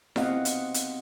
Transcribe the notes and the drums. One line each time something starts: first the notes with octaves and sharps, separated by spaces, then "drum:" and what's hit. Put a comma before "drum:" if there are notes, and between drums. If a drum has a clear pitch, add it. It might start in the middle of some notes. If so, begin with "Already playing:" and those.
B3 C4 G4 D#5 F5 F#5, drum: snare E4
drum: hi-hat
drum: hi-hat